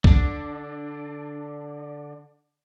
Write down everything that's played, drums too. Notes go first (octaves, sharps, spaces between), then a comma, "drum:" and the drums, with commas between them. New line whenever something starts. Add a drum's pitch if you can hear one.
D3 D4, drum: kick